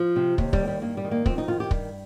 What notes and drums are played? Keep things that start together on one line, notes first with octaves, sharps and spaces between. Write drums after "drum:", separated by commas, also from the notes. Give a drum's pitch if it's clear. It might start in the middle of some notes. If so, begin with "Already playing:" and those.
Already playing: F3
C3
D#2, drum: kick
G3, drum: kick
D#3
G3
G2 A#3
G3
D#3
A#3
F2 C4, drum: kick
D#4
D#3 F4
G4
G2, drum: kick